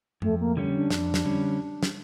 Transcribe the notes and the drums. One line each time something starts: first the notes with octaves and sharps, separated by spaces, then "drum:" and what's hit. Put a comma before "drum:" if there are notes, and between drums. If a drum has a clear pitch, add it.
F2 A3, drum: tom G2
A#3
D3 G3 C#4
D4
F2, drum: snare
drum: snare
D3 G3 C#4
drum: snare